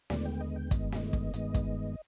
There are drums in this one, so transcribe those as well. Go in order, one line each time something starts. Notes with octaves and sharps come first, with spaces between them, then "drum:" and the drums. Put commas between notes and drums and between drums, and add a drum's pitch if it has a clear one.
D#2 D3 G#3 B3 D5, drum: snare
G5
D#5
G5
G2 D#3 G#3 B3 D#5, drum: kick, hi-hat
drum: snare
drum: kick
G2 D#3 G#3 B3, drum: hi-hat
drum: kick, hi-hat